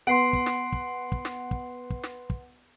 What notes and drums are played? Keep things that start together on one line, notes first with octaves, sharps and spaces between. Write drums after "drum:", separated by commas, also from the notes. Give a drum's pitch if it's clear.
B3 F#5 C6 C7 D7
drum: kick
drum: snare
drum: kick
drum: kick
drum: snare
drum: kick
drum: kick
drum: snare
drum: kick